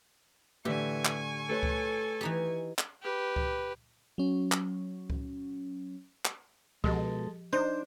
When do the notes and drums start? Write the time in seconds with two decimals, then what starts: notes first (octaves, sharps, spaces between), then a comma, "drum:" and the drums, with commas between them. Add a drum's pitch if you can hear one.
0.65 A2 D3 E3 G4 G#5 C#6
1.05 drum: clap
1.49 A3 A4 B4 C#5
1.63 drum: kick C#2
2.21 E3 D#4 G4
2.79 drum: clap
3.02 G4 B4
3.36 drum: kick C#2
4.18 F#3 C#4
4.52 drum: clap
5.10 drum: kick C#2
6.25 drum: clap
6.84 B2 F3 G#3 G4 A4 D#5, drum: kick C#2
7.53 D4 D#4 C5